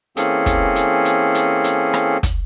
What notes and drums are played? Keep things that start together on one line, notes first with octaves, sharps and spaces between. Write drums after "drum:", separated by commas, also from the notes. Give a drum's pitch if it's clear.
E3 A#3 C4 C#4 G#4 A4, drum: hi-hat
drum: kick, hi-hat
drum: hi-hat
drum: hi-hat
drum: hi-hat
drum: hi-hat
drum: rim click
drum: kick, hi-hat